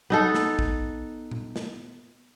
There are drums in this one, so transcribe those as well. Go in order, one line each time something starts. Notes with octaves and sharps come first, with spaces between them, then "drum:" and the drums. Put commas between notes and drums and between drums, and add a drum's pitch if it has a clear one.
B3 D#4 A4
drum: snare
drum: kick
drum: tom A#2
drum: snare